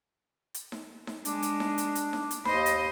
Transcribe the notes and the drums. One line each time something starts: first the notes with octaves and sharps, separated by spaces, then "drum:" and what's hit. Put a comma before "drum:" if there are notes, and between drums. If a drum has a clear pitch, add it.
drum: hi-hat
drum: snare D#4
drum: snare D#4
G#3 D4, drum: hi-hat
drum: hi-hat
drum: snare D#4
drum: hi-hat
drum: hi-hat
drum: snare D#4
drum: hi-hat
D#2 C5 D#5 B5, drum: snare D#4
drum: hi-hat